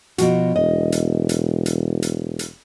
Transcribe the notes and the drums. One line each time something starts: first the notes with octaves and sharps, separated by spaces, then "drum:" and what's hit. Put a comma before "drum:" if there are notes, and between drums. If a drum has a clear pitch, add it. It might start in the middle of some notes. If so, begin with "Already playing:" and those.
B2 F3 F#4, drum: hi-hat
E1 D#5
drum: hi-hat
drum: hi-hat
drum: hi-hat
drum: hi-hat
drum: hi-hat